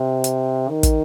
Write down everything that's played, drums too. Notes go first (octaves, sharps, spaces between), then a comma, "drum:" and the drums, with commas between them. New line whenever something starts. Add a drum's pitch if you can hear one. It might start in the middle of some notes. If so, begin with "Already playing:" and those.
Already playing: C3
drum: hi-hat
D#3
drum: kick, hi-hat